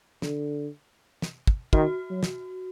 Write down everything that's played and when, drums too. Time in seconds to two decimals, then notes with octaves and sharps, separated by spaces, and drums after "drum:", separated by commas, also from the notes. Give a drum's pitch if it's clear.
0.22 D3, drum: snare
1.22 drum: snare
1.47 drum: kick
1.73 D#3 F#4, drum: kick
2.10 F#3
2.23 drum: snare